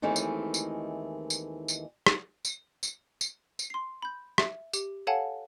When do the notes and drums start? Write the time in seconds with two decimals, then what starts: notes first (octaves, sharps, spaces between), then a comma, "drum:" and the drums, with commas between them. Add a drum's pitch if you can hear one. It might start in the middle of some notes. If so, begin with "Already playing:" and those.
0.02 D#2 D#3 E3 G#3 A3 C4
0.16 drum: tambourine
0.54 drum: tambourine
1.30 drum: tambourine
1.68 drum: tambourine
2.07 drum: rim click
2.45 drum: tambourine
2.83 drum: tambourine
3.21 drum: tambourine
3.59 drum: tambourine
3.70 C6 C7
4.02 B5 G6
4.38 E5, drum: rim click
4.73 G4, drum: tambourine
5.07 A4 C#5 F5 F#5 G#5 A5